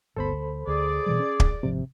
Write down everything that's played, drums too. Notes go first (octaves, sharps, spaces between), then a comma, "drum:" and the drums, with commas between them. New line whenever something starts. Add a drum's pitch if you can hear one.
G1 D2 B3 A4 C5 B5
D2
D2 G#4 D5
B2 E3 G3
C#4
drum: kick
G#1 C3 F3